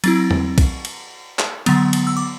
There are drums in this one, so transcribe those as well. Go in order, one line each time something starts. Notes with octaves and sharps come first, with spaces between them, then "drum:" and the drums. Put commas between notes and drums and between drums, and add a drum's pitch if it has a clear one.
F#3 C4 E4 A6, drum: cymbal
drum: tom E2
drum: kick, cymbal
drum: cymbal
drum: clap
D3 F#3 B3, drum: cymbal
drum: cymbal
E6
D6